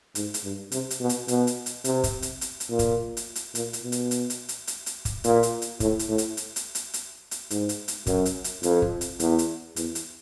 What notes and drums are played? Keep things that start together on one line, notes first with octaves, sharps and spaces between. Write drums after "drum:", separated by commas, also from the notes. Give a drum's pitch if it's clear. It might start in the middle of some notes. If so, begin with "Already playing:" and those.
G#2, drum: hi-hat
drum: hi-hat
G2
C3, drum: hi-hat
drum: hi-hat
B2
drum: hi-hat
B2, drum: hi-hat
drum: hi-hat
drum: hi-hat
C3, drum: hi-hat
drum: kick, hi-hat
drum: hi-hat
drum: hi-hat
drum: hi-hat
A#2
drum: kick, hi-hat
drum: hi-hat
drum: hi-hat
A#2, drum: hi-hat
drum: hi-hat
B2
drum: hi-hat
drum: hi-hat
drum: hi-hat
drum: hi-hat
drum: hi-hat
drum: hi-hat
drum: kick, hi-hat
A#2, drum: hi-hat
drum: hi-hat
drum: hi-hat
A2, drum: kick, hi-hat
drum: hi-hat
A2
drum: hi-hat
drum: hi-hat
drum: hi-hat
drum: hi-hat
drum: hi-hat
drum: hi-hat
G#2, drum: hi-hat
drum: hi-hat
drum: hi-hat
F#2, drum: kick, hi-hat
drum: hi-hat
drum: hi-hat
F2, drum: hi-hat
drum: kick
drum: hi-hat
E2, drum: hi-hat
drum: hi-hat
E2, drum: hi-hat
drum: hi-hat